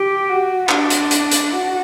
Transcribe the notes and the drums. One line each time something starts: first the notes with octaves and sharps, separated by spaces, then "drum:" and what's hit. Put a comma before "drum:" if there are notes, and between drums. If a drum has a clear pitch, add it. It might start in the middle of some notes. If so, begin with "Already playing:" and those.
Already playing: G4
F#4
D4, drum: clap
drum: hi-hat
drum: hi-hat
drum: hi-hat
F#4